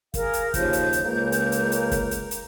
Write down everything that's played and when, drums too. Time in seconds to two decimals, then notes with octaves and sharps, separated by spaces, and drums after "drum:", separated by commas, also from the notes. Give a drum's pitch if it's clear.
0.14 G#4 A#4 F5, drum: kick, hi-hat
0.33 drum: hi-hat
0.54 D#2 C#3 F3 G6, drum: kick, hi-hat
0.73 drum: hi-hat
0.93 drum: hi-hat
1.04 C#2 A#3 A#4
1.32 drum: hi-hat
1.52 drum: hi-hat
1.72 drum: hi-hat
1.91 drum: kick, hi-hat
2.11 drum: hi-hat
2.31 drum: hi-hat